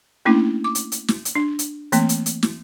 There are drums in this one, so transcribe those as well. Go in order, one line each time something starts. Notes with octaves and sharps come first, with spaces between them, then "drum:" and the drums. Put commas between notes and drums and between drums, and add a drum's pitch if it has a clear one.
A3 A#3 C#4 D4 E4
D6
drum: hi-hat
drum: hi-hat
drum: snare
drum: hi-hat
D4
drum: hi-hat
E3 A3 A#3 C4, drum: hi-hat
drum: hi-hat
drum: hi-hat
drum: snare